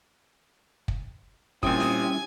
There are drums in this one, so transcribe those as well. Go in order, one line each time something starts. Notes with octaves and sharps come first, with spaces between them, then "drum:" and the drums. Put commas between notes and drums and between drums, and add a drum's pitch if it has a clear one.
drum: kick
A#2 G3 C4 C#4 E4 G#5 D#6, drum: kick
drum: snare